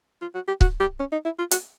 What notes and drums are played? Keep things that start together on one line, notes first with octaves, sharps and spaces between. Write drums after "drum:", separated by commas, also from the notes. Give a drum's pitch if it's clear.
F4
F#4
G4
F#4, drum: kick C#1
G4
C#4
D#4
E4
F4
F#4, drum: hi-hat